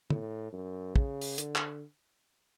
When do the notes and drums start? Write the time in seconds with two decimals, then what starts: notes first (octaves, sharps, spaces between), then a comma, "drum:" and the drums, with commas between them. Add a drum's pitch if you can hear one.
0.10 A2, drum: tom
0.53 F#2
0.96 C#3, drum: kick
1.21 drum: open hi-hat
1.38 D3, drum: hi-hat
1.56 drum: clap